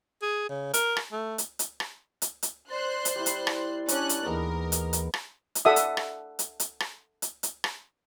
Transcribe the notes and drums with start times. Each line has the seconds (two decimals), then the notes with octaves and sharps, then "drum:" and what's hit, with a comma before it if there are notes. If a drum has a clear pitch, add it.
0.22 G#4
0.49 C#3
0.74 A#4, drum: hi-hat
0.97 drum: rim click
1.12 A3
1.38 drum: hi-hat
1.59 drum: hi-hat
1.80 drum: rim click
2.22 drum: hi-hat
2.43 drum: hi-hat
2.70 C5 D5 C6 F#6
3.05 drum: hi-hat
3.16 G3 E4
3.26 drum: hi-hat
3.47 drum: rim click
3.88 G3 C#4 D4 F#6, drum: hi-hat
4.09 drum: hi-hat
4.25 D#2 E3 G#3 B3 D#4 A#4
4.72 drum: hi-hat
4.93 drum: hi-hat
5.14 drum: rim click
5.55 drum: hi-hat
5.65 A4 D5 E5 F#5 D#6
5.76 drum: hi-hat
5.97 drum: rim click
6.39 drum: hi-hat
6.60 drum: hi-hat
6.80 drum: rim click
7.22 drum: hi-hat
7.43 drum: hi-hat
7.64 drum: rim click